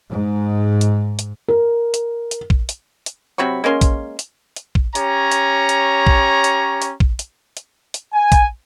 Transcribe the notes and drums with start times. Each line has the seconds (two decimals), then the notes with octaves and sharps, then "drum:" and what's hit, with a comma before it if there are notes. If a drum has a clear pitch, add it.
0.10 G#2
0.81 drum: hi-hat
1.19 drum: hi-hat
1.48 A#4
1.94 drum: hi-hat
2.31 drum: hi-hat
2.50 drum: kick
2.69 drum: hi-hat
3.06 drum: hi-hat
3.38 C3 F#3 B5 C#6
3.64 G#3 A#3 C#4 C6
3.81 drum: kick, hi-hat
4.19 drum: hi-hat
4.56 drum: hi-hat
4.75 drum: kick
4.95 C#4 G4 C#5 A#5, drum: hi-hat
5.31 drum: hi-hat
5.69 drum: hi-hat
6.07 drum: kick
6.44 drum: hi-hat
6.82 drum: hi-hat
7.00 drum: kick
7.19 drum: hi-hat
7.57 drum: hi-hat
7.94 drum: hi-hat
8.13 G#5
8.32 drum: kick, hi-hat